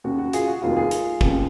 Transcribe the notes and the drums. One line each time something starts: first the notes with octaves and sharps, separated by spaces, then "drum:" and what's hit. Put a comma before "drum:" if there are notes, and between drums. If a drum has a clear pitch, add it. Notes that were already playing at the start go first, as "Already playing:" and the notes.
D#2 C#3 F#4
F#4
F4 G#4, drum: hi-hat
F#4
F1 D#2 D#3 F4
F4 G#4
drum: hi-hat
F1 D#2 C#3, drum: kick